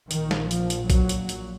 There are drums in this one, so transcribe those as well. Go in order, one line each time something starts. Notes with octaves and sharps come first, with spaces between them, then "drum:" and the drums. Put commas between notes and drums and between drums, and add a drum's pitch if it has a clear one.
A#1 A#2 D#3, drum: hi-hat
drum: snare
F3, drum: hi-hat
drum: hi-hat
F#3, drum: kick A#1, hi-hat
drum: hi-hat
drum: hi-hat